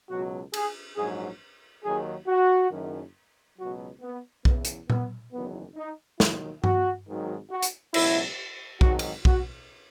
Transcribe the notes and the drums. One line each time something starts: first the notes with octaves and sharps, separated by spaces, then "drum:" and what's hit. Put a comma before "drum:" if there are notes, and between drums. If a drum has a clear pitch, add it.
C#2 B2 F#3 F#4
G#4, drum: cymbal
A#1 G#2 F#3 G#4
D#2 D#3 F#3 G#4
F#4
F#1 F#2 D#3
C#2 B2 F#3 F#4
B3
E2 C#3 E3 B3, drum: kick
drum: hi-hat
B3, drum: tom A#2
F#1 E2 D#3 F#3 B3
D#4
D#2 D#3 F#3 E4, drum: snare
F#4, drum: tom G2
G#1 G#2 D#3 F#3
F#4
drum: hi-hat
C#2 B2 F#3 E4, drum: cymbal
G#1 G#2 D#3 F#3 F#4, drum: kick
drum: cymbal
F#4, drum: kick